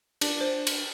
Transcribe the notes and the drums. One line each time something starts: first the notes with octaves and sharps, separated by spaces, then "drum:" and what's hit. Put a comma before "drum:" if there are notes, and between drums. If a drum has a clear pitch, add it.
D4, drum: cymbal
C5
drum: cymbal